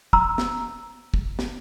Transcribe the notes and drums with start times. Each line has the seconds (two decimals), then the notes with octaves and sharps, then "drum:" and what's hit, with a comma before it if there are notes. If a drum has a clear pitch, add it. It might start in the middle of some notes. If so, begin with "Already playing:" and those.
0.13 A#5 C6 E6, drum: kick
0.38 drum: snare
1.14 drum: kick
1.39 drum: snare